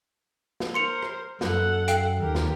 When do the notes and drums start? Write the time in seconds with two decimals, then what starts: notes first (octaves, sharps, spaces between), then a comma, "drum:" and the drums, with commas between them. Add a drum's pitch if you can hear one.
0.60 drum: snare
0.74 A#4 C5 C6 C#7 F7
1.02 drum: rim click
1.41 F#2 A4 F#5, drum: snare
1.88 F5 G5, drum: hi-hat
2.20 D#2 G4 A#4
2.35 drum: snare